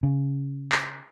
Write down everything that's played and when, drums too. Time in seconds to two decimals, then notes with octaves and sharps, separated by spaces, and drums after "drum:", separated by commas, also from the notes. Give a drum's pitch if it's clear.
0.03 C#3
0.72 drum: clap